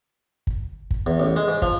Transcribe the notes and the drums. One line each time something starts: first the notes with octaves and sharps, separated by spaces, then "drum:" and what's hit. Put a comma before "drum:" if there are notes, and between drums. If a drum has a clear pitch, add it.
drum: kick
drum: kick
E2
A1
G#3
G#2
F3, drum: kick